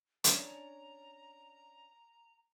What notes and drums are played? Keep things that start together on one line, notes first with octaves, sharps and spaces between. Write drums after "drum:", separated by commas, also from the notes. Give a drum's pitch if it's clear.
C#4 D4 C#5 A#5, drum: hi-hat